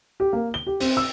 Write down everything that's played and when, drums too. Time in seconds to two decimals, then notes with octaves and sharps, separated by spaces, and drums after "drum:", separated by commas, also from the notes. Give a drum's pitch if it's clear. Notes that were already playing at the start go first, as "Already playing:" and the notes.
0.20 G4
0.33 A#3
0.54 G7
0.67 G4
0.80 C4, drum: open hi-hat
0.97 E6